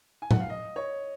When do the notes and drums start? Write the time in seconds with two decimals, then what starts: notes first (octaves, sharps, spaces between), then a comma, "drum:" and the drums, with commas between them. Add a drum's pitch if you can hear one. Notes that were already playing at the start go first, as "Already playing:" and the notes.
0.22 G#5
0.31 F#5, drum: tom A2
0.40 F5
0.50 D#5
0.76 C#5